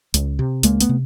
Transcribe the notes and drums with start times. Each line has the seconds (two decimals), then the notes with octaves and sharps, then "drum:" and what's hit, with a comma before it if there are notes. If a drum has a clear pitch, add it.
0.14 C#2, drum: hi-hat
0.39 C3
0.63 C#2 G#3 A#3, drum: hi-hat
0.80 A3 B3, drum: hi-hat
0.89 C3